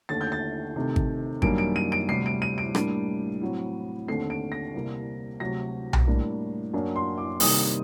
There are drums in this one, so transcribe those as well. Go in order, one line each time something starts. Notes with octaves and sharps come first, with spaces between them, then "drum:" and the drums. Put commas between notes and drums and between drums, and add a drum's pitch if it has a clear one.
D#2 D3 A3 A6
G6
A6
C3 D#3 A3 C4
drum: kick G#1
F#2 D#3 G3 A#3 D4 D7, drum: kick G#1
D7
D#7
D7
D2 C3 G3 C7
D7
D#7
D7
A2 G3 A#3 D4, drum: rim click
A2 F#3 C4
D#2 D3 A3 C4 C7
D7
A#6
C2 C3 G3 A#3
D2 C3 F#3 A#6
drum: tom B1
A2 G3 A#3 D4
F#2 F#3 A#3 D4
C6
D6
C3 D#3 G3 A#3 D#6, drum: open hi-hat